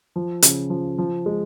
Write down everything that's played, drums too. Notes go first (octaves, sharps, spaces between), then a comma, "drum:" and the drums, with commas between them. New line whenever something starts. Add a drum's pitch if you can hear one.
F3
C#3, drum: hi-hat
F3
F3
G#3